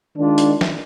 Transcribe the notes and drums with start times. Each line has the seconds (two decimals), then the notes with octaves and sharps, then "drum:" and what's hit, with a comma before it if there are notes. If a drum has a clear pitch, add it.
0.14 D#3 G#3 D4 F4
0.38 drum: hi-hat
0.61 drum: snare